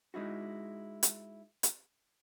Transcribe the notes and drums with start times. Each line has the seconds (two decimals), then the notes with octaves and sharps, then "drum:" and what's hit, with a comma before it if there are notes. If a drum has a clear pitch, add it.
0.14 G#3 D#4 E4 F#4
1.03 drum: hi-hat
1.63 drum: hi-hat